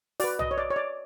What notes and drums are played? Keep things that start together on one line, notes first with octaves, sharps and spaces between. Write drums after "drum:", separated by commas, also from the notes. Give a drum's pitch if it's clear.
F#4 B4 D5, drum: open hi-hat
D#5, drum: tom
C#5
D5
C#5
D5